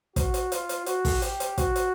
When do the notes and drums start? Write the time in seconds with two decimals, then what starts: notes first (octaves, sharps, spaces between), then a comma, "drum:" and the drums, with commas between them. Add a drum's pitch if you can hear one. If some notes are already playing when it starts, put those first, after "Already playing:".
0.16 F#4, drum: kick, hi-hat
0.34 drum: hi-hat
0.52 F4, drum: hi-hat
0.69 drum: hi-hat
0.86 F#4, drum: hi-hat
1.05 drum: kick, open hi-hat
1.22 G4, drum: hi-hat
1.40 drum: hi-hat
1.58 F#4, drum: kick, hi-hat
1.76 drum: hi-hat